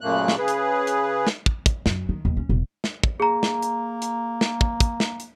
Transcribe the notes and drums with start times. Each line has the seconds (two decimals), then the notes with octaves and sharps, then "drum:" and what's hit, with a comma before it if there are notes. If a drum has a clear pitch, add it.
0.01 F#2 A#2 C#3 A3 A#3 F#6
0.28 drum: snare
0.38 C#3 G#4 B4
0.48 drum: hi-hat
0.87 drum: hi-hat
1.27 drum: snare
1.46 drum: kick
1.66 drum: kick, hi-hat
1.86 F#2, drum: snare
2.09 D#3
2.25 D#2
2.37 C#4
2.49 E1
2.84 drum: snare
3.04 drum: kick
3.20 A#3 G#4 A#5
3.43 drum: snare
3.62 drum: hi-hat
4.02 drum: hi-hat
4.41 drum: snare
4.61 drum: kick
4.80 drum: kick, hi-hat
5.00 drum: snare
5.20 drum: hi-hat